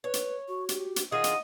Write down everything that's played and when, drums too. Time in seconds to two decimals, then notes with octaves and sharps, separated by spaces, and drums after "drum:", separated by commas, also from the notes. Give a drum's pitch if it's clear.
0.04 B4 C#5
0.14 drum: hi-hat
0.48 F#4 C#6
0.69 G4, drum: hi-hat
0.96 drum: hi-hat
1.12 D#3 D#4 F4 G#4 D#5 F#5
1.24 drum: hi-hat